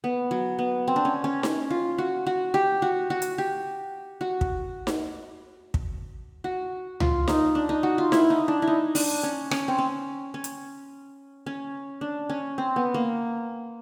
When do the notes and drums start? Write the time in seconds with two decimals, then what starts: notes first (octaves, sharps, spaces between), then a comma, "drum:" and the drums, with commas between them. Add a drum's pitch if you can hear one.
0.04 B3
0.31 F#3
0.59 B3
0.88 C4
0.96 D4
1.05 C#4
1.24 C#4
1.43 C#4, drum: snare D#4
1.70 F4
1.98 F#4
2.27 F#4
2.54 G4
2.82 F#4
3.10 F#4
3.22 drum: hi-hat
3.38 G4
4.21 F#4
4.41 drum: kick
4.87 drum: snare D#4
5.74 drum: kick
6.44 F#4
7.00 F4, drum: tom C#2
7.28 D#4, drum: snare D#4
7.55 D4
7.69 D#4
7.83 F#4
7.98 F4
8.12 E4, drum: snare D#4
8.30 D#4
8.48 D4
8.62 E4
8.67 D#4
8.95 D4, drum: open hi-hat
9.23 C#4
9.51 C#4, drum: rim click
9.68 C4
9.78 C#4
10.34 C#4
10.44 drum: hi-hat
11.46 C#4
12.01 D4
12.29 C#4
12.58 C4
12.76 B3
12.94 A#3